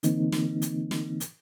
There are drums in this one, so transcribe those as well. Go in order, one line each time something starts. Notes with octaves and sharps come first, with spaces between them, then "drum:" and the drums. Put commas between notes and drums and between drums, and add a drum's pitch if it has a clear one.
D3 E3 A#3 C4 D#4, drum: hi-hat
drum: snare
drum: hi-hat
drum: snare
drum: hi-hat